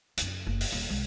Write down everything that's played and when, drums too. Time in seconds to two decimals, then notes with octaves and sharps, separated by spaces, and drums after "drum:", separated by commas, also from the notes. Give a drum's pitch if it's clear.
0.17 F#2 C#3, drum: hi-hat
0.47 F#1
0.61 drum: open hi-hat
0.72 D#1
0.89 C2 G#3